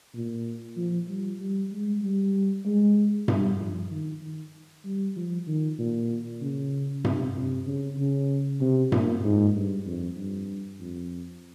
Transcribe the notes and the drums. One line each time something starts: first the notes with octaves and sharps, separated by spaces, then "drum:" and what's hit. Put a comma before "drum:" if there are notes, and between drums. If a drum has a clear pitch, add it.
A#2
F3
G3
G3
G#3
G3
G#3
G3, drum: tom G2
F3
D#3
D#3
G3
F3
D#3
A#2
C#3
C3, drum: tom G2
C3
C#3
C#3
C3
A#2, drum: tom G2
G#2
G2
F2
G2
F2